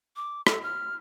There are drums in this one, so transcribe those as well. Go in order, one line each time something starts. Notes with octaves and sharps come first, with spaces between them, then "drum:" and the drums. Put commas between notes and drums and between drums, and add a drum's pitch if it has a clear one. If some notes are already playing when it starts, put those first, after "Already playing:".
D6
A4, drum: rim click
F6